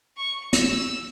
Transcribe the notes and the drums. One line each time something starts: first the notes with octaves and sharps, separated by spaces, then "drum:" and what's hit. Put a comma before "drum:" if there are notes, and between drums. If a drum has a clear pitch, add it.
C#6
E6, drum: hi-hat